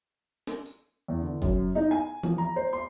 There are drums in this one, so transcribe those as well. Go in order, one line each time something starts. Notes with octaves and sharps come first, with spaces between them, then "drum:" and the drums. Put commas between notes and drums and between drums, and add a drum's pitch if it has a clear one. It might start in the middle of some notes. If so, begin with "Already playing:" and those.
drum: snare
drum: tambourine
E2
D3
F#2, drum: kick F#1
D#4
G#5
F3, drum: tom E3
A#5
C5
C6